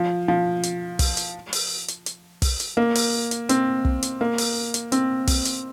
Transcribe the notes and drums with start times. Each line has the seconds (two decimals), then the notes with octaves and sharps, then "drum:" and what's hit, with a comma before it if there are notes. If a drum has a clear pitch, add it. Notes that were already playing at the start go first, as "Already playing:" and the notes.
Already playing: F3
0.28 F3
0.63 drum: hi-hat
0.99 drum: kick, open hi-hat
1.17 drum: hi-hat
1.53 drum: open hi-hat
1.88 drum: hi-hat
2.06 drum: hi-hat
2.42 drum: kick, open hi-hat
2.60 drum: hi-hat
2.77 A#3
2.95 drum: open hi-hat
3.31 drum: hi-hat
3.49 C4, drum: hi-hat
3.85 drum: kick
4.02 drum: hi-hat
4.21 A#3
4.38 drum: open hi-hat
4.74 drum: hi-hat
4.92 C4, drum: hi-hat
5.27 drum: kick, open hi-hat
5.45 drum: hi-hat